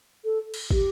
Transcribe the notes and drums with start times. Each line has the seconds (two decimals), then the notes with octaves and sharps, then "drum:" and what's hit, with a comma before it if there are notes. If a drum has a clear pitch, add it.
0.25 A4
0.54 drum: cymbal
0.71 G4, drum: kick